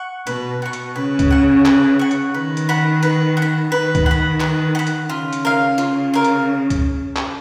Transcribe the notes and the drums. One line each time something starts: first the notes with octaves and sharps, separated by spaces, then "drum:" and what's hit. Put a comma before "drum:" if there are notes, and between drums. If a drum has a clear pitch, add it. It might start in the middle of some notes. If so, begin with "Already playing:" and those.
Already playing: F#5 C#6
B2 B4, drum: hi-hat
B2 F#5 C#6
drum: hi-hat
C#3 B4
drum: kick C#2, hi-hat
F#5 C#6
B4, drum: clap
F#5 C#6
drum: hi-hat
D#3 B4
drum: hi-hat
F#5 B5
B4, drum: hi-hat
F#5
B5
D#3 B4
drum: kick C#2, hi-hat
F#5 B5
B4, drum: clap
F#5 B5
drum: hi-hat
C#3 F4
drum: hi-hat
A#4 F5
F4, drum: hi-hat
A#4 F5
drum: hi-hat
drum: kick C#2, hi-hat
drum: clap